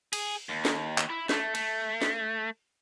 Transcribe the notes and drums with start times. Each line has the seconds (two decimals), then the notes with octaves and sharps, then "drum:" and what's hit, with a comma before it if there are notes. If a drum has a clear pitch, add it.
0.13 G#4, drum: cymbal
0.49 D#2
0.65 drum: snare
0.98 drum: clap
1.10 E4
1.29 A3, drum: snare
1.55 A3, drum: cymbal
2.02 drum: snare